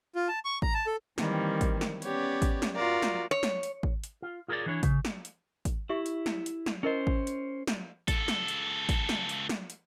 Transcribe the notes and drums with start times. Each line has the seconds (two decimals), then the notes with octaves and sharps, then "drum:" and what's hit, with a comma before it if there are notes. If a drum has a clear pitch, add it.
0.15 F4
0.28 A5
0.45 C#6
0.62 A#5, drum: kick
0.74 A5
0.87 A4
1.18 D#3 E3 G3 A#3 C4, drum: snare
1.61 drum: kick, hi-hat
1.81 drum: snare
2.02 B3 C#4 G4 C#5 D5, drum: hi-hat
2.42 drum: kick, hi-hat
2.62 drum: snare
2.76 F4 F#4 A#4 D5 A#5
3.02 drum: snare
3.31 C#5
3.43 drum: snare
3.63 drum: hi-hat
3.83 drum: kick
4.04 drum: hi-hat
4.22 F4
4.48 F4 G#4 A#4 B4 C#5 D5
4.66 E3 D4 E4 C#5
4.83 C#3, drum: kick, hi-hat
5.05 drum: snare
5.25 drum: hi-hat
5.65 drum: kick, hi-hat
5.89 E4 G4 E5 C#6
6.06 drum: hi-hat
6.26 drum: snare
6.46 drum: hi-hat
6.66 drum: snare
6.83 C#4 E4 A#4 C5 D#5
7.07 drum: kick
7.27 drum: hi-hat
7.67 drum: snare
8.08 C#2 A4, drum: kick, hi-hat
8.28 drum: snare
8.48 drum: hi-hat
8.89 drum: kick, hi-hat
9.09 drum: snare
9.29 drum: hi-hat
9.49 drum: snare
9.70 drum: hi-hat